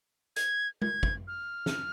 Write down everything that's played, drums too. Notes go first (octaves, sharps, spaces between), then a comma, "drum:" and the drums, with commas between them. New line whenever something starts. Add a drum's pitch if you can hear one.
G#6, drum: hi-hat
G#6, drum: tom G#3
drum: kick
F6
drum: snare